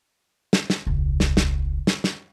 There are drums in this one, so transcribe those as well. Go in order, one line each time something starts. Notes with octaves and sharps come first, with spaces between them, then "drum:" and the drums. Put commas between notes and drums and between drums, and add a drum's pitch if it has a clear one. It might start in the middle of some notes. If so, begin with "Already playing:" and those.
drum: snare
drum: snare
E1 C#2
drum: snare
drum: snare
drum: snare
drum: snare